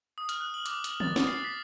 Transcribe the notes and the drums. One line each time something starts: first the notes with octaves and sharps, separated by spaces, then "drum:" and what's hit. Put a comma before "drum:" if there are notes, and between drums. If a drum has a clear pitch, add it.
D#6
F6, drum: hi-hat
F#6
F#7
D6, drum: hi-hat
F6, drum: hi-hat
A6, drum: tom
D#6, drum: snare
C7
B6